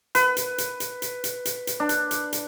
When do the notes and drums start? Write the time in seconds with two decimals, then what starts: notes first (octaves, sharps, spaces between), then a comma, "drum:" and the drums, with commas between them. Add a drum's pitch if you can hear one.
0.15 B4, drum: hi-hat
0.37 drum: hi-hat
0.58 drum: hi-hat
0.80 drum: hi-hat
1.02 drum: hi-hat
1.24 drum: hi-hat
1.45 drum: hi-hat
1.67 drum: hi-hat
1.80 D4
1.89 drum: hi-hat
2.11 drum: hi-hat
2.33 drum: hi-hat